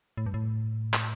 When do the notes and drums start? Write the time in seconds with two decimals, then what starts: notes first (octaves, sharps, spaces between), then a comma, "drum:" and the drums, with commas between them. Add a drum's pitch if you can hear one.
0.17 A2
0.26 G2
0.34 A2
0.93 drum: clap